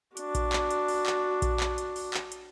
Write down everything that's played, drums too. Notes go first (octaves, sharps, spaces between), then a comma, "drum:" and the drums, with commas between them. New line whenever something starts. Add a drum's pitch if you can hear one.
D4 F#4, drum: hi-hat
drum: kick A#1, hi-hat
drum: clap
drum: hi-hat
drum: open hi-hat
drum: clap
drum: kick A#1, hi-hat
drum: clap
drum: hi-hat
drum: open hi-hat
drum: clap
drum: hi-hat